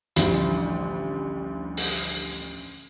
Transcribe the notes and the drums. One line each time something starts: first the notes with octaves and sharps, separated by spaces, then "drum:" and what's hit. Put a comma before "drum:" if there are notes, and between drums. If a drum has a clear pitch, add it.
A1 D2 F3 G3, drum: hi-hat
drum: open hi-hat